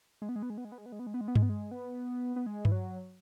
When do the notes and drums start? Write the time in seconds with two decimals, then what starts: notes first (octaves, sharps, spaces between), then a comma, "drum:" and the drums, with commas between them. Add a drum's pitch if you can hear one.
0.22 G#3
0.29 B3
0.36 G#3
0.43 B3
0.50 G#3
0.58 B3
0.65 G#3
0.72 B3
0.78 G#3
0.86 B3
0.92 G#3
0.99 B3
1.07 G#3
1.14 B3
1.21 G#3
1.28 B3
1.35 G#3, drum: tom G2
1.42 B3
1.49 G#3
1.71 B3
2.36 B3
2.46 G#3
2.65 E3, drum: tom G2
2.72 F#3